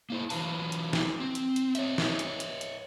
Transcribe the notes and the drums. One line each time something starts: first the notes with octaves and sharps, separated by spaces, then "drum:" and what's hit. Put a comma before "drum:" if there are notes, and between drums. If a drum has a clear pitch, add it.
A#3 E4 C5
E3 F#3 G3 B4 F5 A5, drum: open hi-hat
drum: hi-hat
drum: snare
C4
drum: hi-hat
drum: hi-hat
C#5 D#5 E5, drum: hi-hat
drum: snare
drum: hi-hat
drum: hi-hat
drum: hi-hat